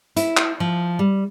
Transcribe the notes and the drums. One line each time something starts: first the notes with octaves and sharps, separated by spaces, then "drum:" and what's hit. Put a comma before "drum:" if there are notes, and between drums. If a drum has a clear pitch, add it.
E4, drum: hi-hat
drum: clap
F3
G3